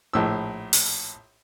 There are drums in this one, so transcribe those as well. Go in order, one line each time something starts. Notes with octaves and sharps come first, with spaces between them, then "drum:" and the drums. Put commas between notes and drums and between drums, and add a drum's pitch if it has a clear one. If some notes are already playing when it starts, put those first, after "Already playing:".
A#1 A2 E6
drum: open hi-hat